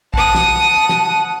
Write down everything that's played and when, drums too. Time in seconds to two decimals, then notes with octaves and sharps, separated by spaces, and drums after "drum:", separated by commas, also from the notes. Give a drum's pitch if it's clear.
0.14 F#5 A5 D#6, drum: kick
0.35 drum: snare
0.89 drum: snare